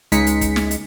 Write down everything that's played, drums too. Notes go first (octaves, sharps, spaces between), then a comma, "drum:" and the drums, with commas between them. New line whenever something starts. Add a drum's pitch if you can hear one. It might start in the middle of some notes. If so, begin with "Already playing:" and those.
C#2 G#3 D#4 B6 C#7, drum: hi-hat
drum: hi-hat
drum: kick, hi-hat
drum: snare
drum: hi-hat